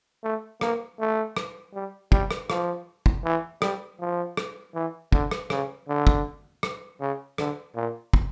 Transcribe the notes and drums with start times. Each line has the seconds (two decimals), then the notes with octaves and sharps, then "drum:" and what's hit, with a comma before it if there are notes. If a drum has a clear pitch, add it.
0.24 A3
0.61 A#3, drum: rim click
0.99 A3
1.37 drum: rim click
1.74 G3
2.12 G3, drum: kick
2.31 drum: rim click
2.50 F3, drum: rim click
3.06 drum: kick
3.24 E3
3.62 G3, drum: rim click
4.00 F3
4.37 drum: rim click
4.74 E3
5.12 D3, drum: kick
5.31 drum: rim click
5.50 C#3, drum: rim click
5.88 D3
6.07 drum: kick
6.63 drum: rim click
7.00 C#3
7.38 D3, drum: rim click
7.75 A#2
8.13 drum: kick